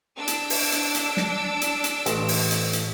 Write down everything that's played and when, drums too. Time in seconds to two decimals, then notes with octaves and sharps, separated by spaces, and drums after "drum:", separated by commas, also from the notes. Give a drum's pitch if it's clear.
0.17 D4 E6 D7
0.28 drum: hi-hat
0.50 drum: open hi-hat
0.72 drum: hi-hat
0.94 drum: hi-hat
1.17 drum: snare
1.61 drum: hi-hat
1.84 drum: hi-hat
2.06 A1, drum: hi-hat
2.28 drum: open hi-hat
2.51 drum: hi-hat
2.73 drum: hi-hat